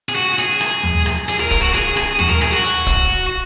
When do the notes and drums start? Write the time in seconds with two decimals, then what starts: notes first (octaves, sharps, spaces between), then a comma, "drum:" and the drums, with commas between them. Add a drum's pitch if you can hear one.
0.09 G#4
0.15 F#4
0.39 G#4, drum: hi-hat
0.61 drum: rim click
0.83 drum: tom D#2
1.06 drum: rim click
1.29 G#4, drum: hi-hat
1.40 A#4
1.51 A#4, drum: kick, hi-hat
1.62 F#4
1.74 G#4, drum: hi-hat
1.97 G#4, drum: rim click
2.19 F#4, drum: tom D#2
2.30 A#4
2.42 G#4, drum: rim click
2.53 F#4
2.64 drum: hi-hat
2.86 drum: kick, hi-hat